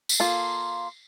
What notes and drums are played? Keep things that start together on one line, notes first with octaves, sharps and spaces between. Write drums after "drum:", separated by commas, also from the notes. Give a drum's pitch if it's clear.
drum: tambourine
A#3 F4 A4